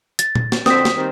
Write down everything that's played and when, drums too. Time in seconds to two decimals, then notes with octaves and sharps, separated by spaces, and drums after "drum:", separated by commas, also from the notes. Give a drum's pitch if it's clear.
0.19 A6, drum: hi-hat
0.36 drum: tom A#2
0.52 drum: snare
0.66 F2 D3 C4 D#6 B6, drum: snare
0.85 drum: snare
0.95 D#3 G3 C4